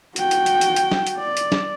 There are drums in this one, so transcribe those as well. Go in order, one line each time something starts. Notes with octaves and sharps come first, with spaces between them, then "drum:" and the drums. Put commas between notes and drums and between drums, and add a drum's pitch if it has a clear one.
F#4 G5, drum: hi-hat
drum: hi-hat
drum: hi-hat
drum: hi-hat
drum: hi-hat
drum: snare
drum: hi-hat
D5
drum: hi-hat
drum: snare